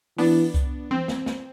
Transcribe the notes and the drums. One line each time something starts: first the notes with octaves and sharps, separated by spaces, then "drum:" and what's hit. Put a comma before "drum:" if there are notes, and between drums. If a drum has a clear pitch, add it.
E3 B3 D4, drum: open hi-hat
drum: kick C2, hi-hat
C4, drum: tom E3
drum: snare
drum: snare